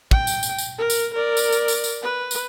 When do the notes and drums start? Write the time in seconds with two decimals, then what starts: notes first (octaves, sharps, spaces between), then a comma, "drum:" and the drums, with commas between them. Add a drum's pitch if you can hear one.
0.11 G5, drum: kick
0.27 drum: tambourine
0.43 drum: tambourine
0.58 drum: tambourine
0.78 A#4
0.90 drum: tambourine
1.14 A#4 D5
1.37 drum: tambourine
1.52 drum: tambourine
1.68 drum: tambourine
1.84 drum: tambourine
2.03 B4
2.31 drum: tambourine